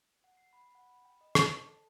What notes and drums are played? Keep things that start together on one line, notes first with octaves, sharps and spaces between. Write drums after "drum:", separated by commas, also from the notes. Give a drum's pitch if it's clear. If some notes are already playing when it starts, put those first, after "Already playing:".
F#5
C7
B5
F#5
B5
G5
D#5
D6, drum: rim click
A5
A4